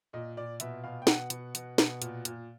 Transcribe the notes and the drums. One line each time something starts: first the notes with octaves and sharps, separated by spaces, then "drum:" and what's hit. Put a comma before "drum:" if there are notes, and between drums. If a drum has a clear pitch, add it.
A#2 D#5
A#2 D5
B2 E5, drum: hi-hat
B2 F5
G5
B2 F#5, drum: snare
B2, drum: hi-hat
B2, drum: hi-hat
B2, drum: snare
A#2, drum: hi-hat
A#2, drum: hi-hat